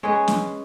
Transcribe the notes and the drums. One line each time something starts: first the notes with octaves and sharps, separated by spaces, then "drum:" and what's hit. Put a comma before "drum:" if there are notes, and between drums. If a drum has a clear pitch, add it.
G#3 C#4 G#4 B4
drum: snare